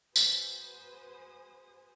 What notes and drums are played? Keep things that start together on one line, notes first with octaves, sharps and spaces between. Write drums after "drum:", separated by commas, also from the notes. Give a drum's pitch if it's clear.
F#4 G#4 B4 C5 G#5 D#6, drum: tambourine